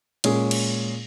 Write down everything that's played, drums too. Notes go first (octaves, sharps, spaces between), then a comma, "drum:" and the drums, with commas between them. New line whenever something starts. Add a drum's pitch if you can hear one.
A#2 G#3 C#4 G#4, drum: cymbal
drum: cymbal